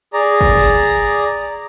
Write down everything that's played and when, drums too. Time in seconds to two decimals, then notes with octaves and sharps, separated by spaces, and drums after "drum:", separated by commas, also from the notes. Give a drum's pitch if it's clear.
0.13 G#4 D5 A#5
0.41 drum: kick
0.58 drum: cymbal